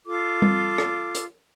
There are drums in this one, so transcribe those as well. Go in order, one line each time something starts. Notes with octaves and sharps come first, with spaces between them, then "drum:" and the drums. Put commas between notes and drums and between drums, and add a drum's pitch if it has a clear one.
F4 A4 D6
drum: tom G3
drum: rim click
drum: hi-hat